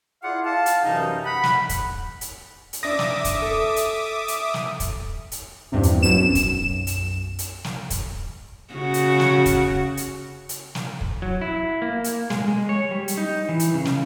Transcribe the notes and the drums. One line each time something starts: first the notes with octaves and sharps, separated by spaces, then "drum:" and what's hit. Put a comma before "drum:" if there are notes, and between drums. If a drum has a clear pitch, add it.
E4 F4 G#4 D5 F5 F#5
F5 A5
drum: hi-hat
F#2 C3 E3 G3 D#4
F#5 B5
drum: snare
drum: kick, hi-hat
drum: hi-hat
drum: hi-hat
D4 E5 D6 D#6 A#6
drum: snare
drum: kick, hi-hat
A4
drum: hi-hat
drum: hi-hat
drum: snare
drum: kick, hi-hat
drum: hi-hat
E2 G2 C3
drum: hi-hat
B1 F#2 E7
drum: kick, hi-hat
drum: hi-hat
drum: hi-hat
drum: snare
drum: kick, hi-hat
C#3 F#4
drum: hi-hat
drum: snare
drum: kick, hi-hat
drum: hi-hat
drum: hi-hat
drum: snare
drum: kick
F#3
E4
A#3
drum: hi-hat
G#3, drum: snare
G#3
C#5
G3
drum: hi-hat
D#4
E3
drum: hi-hat
C#3
drum: snare